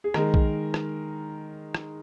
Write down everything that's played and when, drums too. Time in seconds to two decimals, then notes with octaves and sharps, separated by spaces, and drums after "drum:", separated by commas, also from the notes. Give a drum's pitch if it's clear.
0.04 G#4
0.14 D#3 G#3 A#4, drum: rim click
0.34 drum: kick A#1
0.74 drum: rim click
1.75 drum: rim click